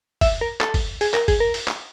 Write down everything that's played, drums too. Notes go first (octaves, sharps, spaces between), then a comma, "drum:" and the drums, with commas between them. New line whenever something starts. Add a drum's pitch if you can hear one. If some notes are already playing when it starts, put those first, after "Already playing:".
E5, drum: kick, open hi-hat
A#4
A4, drum: clap
drum: kick, open hi-hat
G#4, drum: open hi-hat
A#4, drum: clap
G#4, drum: kick, open hi-hat
A#4
drum: open hi-hat
drum: clap